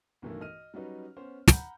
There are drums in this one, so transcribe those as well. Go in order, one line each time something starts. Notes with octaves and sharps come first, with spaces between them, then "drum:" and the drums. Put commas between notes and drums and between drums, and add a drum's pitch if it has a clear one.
B1 G2 D#3 E3 A3 A#3
D#5 F6 D#7
F#3 G3 C#4 D#4 B4
B3 C#4 C5
F#5 A#5 B5 G6, drum: snare